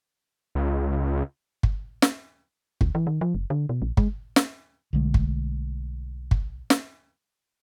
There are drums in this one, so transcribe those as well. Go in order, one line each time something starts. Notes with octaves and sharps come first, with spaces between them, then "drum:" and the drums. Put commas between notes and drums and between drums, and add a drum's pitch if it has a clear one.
C#2
drum: kick
drum: snare
D2, drum: kick
E3
D#3
F3
F#1
D3
B2
A#1
G#3, drum: kick
drum: snare
B1 D3 G#3 A3
drum: kick
drum: kick
drum: snare